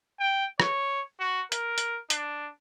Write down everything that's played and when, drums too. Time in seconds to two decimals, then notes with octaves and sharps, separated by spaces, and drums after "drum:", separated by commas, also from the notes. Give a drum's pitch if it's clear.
0.20 G5
0.60 C#5, drum: rim click
1.20 F#4
1.52 A#4, drum: hi-hat
1.78 drum: hi-hat
2.10 D4, drum: hi-hat